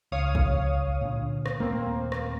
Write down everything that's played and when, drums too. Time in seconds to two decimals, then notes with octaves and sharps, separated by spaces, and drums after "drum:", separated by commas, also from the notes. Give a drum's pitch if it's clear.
0.12 C#2 C#5 F5 D#6
0.35 drum: kick
1.01 A#2 D3
1.46 drum: rim click
1.60 D#1 D#2 A3 A#3 C4
2.12 drum: rim click